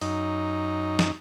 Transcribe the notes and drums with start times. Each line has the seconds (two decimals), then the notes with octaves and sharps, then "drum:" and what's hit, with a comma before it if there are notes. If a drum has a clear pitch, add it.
0.01 F#2 D#4, drum: open hi-hat
0.99 drum: snare